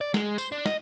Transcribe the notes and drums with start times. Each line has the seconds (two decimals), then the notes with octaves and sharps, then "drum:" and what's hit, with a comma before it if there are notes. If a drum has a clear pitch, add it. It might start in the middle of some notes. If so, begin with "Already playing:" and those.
0.01 D5
0.14 G#3, drum: snare
0.38 C5, drum: tambourine
0.52 D4
0.66 D#5, drum: snare